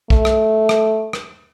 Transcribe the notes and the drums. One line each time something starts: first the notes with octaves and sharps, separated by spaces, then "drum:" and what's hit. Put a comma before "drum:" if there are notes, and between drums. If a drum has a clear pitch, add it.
A3, drum: kick
drum: rim click
drum: rim click
drum: rim click